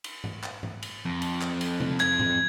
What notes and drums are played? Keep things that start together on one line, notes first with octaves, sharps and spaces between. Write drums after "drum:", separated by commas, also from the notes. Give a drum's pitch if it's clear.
drum: cymbal
drum: tom G#2
drum: clap
drum: tom G#2
drum: cymbal
F2
drum: cymbal
drum: clap
drum: cymbal
drum: tom C3
G#6, drum: clap
drum: tom G#2